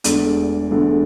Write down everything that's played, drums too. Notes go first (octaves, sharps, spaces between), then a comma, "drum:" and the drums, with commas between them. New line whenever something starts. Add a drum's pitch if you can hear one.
E1 E2 D3 A3 D5, drum: hi-hat
E1 E2 D3 A3